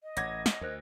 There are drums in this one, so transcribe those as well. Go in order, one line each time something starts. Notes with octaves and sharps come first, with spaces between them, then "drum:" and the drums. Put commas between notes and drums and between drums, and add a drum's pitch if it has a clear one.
D#5
A1 C#5 F#5 D6 G#6 A#6, drum: hi-hat
drum: snare
D2 A#4 C5 F#6